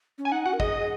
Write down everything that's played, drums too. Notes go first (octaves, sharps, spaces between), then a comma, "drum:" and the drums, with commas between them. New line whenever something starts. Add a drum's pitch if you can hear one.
C#4
G#5
D#4 F#5
F#4 F#5
A#4
G#4 D#5, drum: kick